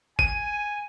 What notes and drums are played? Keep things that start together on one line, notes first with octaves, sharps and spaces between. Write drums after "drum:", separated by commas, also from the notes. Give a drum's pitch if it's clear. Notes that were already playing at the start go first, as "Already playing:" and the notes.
G#5 D#7, drum: kick G1